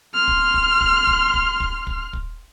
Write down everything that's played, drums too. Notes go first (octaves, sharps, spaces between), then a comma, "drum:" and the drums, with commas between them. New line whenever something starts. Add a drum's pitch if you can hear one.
C6 F6
drum: kick
drum: kick
drum: kick
drum: kick
drum: kick
drum: kick
drum: kick
drum: kick